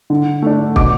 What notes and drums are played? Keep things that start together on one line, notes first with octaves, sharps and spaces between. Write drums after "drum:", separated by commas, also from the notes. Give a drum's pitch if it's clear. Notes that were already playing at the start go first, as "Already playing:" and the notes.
D3
A3 D4
B2 D6, drum: kick